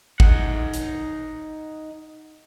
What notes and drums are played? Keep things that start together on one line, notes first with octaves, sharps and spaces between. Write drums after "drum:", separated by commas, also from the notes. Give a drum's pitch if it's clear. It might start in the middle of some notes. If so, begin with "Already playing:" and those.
D#4 F#5, drum: kick
drum: hi-hat